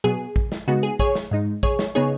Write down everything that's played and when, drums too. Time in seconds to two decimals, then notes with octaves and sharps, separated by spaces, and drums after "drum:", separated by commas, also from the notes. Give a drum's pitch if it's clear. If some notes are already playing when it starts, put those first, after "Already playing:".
0.04 B2 F#3 B3 G#4
0.36 drum: kick
0.52 drum: snare
0.68 C#3 G#3 B3 D#4 F#4
0.83 G#4
0.99 G#4 C#5, drum: kick
1.15 drum: snare
1.31 G#2 G#3 D#4
1.63 G#4 C#5, drum: kick
1.79 drum: snare
1.95 C#3 B3 D#4 G#4 C#5